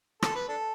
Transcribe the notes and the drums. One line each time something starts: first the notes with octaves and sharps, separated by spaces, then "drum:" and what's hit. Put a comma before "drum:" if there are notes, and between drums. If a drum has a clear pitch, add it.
A4, drum: rim click
B4
D4 A4